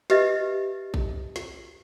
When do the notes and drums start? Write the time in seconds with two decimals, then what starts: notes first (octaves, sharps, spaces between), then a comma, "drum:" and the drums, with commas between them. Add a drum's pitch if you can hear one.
0.10 G4 B4 D#5 E5, drum: snare
0.94 drum: kick A#1
1.36 drum: snare